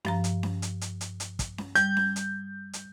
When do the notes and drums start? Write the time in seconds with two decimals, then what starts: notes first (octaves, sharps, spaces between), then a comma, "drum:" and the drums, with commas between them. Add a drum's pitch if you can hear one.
0.05 G2 F3 A#5, drum: snare C#4
0.24 drum: hi-hat
0.43 drum: snare C#4
0.62 drum: hi-hat
0.81 drum: hi-hat
1.01 drum: hi-hat
1.20 drum: hi-hat
1.39 drum: kick, hi-hat
1.58 drum: snare C#4
1.75 G3 G6, drum: hi-hat
1.97 drum: snare C#4
2.16 drum: hi-hat
2.73 drum: hi-hat